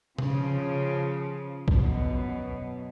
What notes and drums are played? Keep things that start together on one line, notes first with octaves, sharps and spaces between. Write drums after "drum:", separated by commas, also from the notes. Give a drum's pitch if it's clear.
C#3 F3, drum: tom C3
F#2 B2, drum: kick A#1